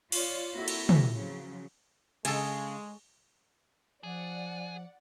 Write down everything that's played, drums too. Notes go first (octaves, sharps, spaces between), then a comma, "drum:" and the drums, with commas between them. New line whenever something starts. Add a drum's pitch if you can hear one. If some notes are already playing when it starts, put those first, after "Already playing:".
F4 C#5 D5, drum: cymbal
A#3 C4 E4 F#4 A4 E5
drum: cymbal
drum: tom
C#3 F3 F#3
C#3 G#3 G#4 A4, drum: cymbal
F3 G#4 D5 F#5